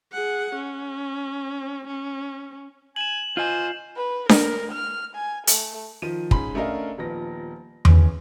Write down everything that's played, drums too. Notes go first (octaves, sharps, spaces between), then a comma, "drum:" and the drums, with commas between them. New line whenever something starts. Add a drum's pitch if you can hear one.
G#4 F#5
C#4
C#4
G#5 E7 F#7
F4 C5 D#5 G#5
B4
A#4, drum: snare D4
F6
G#5
A3, drum: hi-hat
D#3 F3 D#7
G#2 C#4 B5, drum: kick
A3 C#4 D4 A#4 D#5 F5
D#1 F3 B3 A#6
C#3 E3 C#4, drum: tom E2